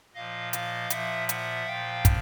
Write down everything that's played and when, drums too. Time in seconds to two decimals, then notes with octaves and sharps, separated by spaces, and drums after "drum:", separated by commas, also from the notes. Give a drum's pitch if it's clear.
0.14 A#2 F3 D#5 F5
0.53 D#5 F5, drum: hi-hat
0.90 A#2 F3 E5 F#5, drum: hi-hat
1.29 E5 F#5, drum: hi-hat
1.67 A#2 F3 F5 G5
2.05 drum: kick, hi-hat